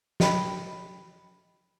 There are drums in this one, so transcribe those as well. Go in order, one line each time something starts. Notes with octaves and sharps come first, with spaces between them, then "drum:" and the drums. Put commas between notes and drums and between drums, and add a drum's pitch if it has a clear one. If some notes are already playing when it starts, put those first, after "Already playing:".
D#5 G5 B5, drum: snare